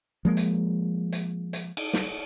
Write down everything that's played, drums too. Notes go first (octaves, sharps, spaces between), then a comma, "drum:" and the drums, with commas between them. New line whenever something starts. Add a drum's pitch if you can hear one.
F3 G#3 A#3
drum: hi-hat
drum: hi-hat
drum: hi-hat
drum: cymbal
drum: snare